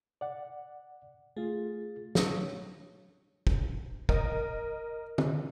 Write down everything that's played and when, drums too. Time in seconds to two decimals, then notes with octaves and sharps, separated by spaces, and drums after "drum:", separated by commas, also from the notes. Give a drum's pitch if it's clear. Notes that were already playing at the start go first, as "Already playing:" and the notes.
0.21 D5 F#5
1.37 A3 F4 G#4
2.15 F#3 C#5, drum: snare
3.47 drum: kick
4.09 A#4 D#5, drum: kick
5.18 drum: tom